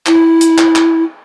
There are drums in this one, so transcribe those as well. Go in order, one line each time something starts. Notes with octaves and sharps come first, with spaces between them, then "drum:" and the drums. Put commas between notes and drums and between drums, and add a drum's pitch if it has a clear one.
E4, drum: clap
drum: hi-hat
drum: clap
drum: clap